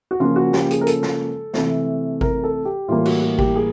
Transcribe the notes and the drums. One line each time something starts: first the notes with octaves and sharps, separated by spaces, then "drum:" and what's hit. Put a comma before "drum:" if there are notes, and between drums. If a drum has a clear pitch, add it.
F#4
C#3 F3 A#3 F4
F#4
G4, drum: snare
G#4, drum: hi-hat
A#4
A4, drum: hi-hat
drum: snare
C3 E3 A3, drum: snare
A#4, drum: kick G#1
A4
G4
A2 E3 G3 A#3 F4
F#4, drum: cymbal
F#4
G4, drum: kick G#1
G#4